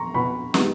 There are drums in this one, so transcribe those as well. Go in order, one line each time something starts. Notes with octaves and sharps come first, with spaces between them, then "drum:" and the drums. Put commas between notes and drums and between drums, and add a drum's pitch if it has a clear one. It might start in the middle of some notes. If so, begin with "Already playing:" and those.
Already playing: A#5 C6 C#6
B2 B5 C#6
G#3 B3 D#4 G4, drum: snare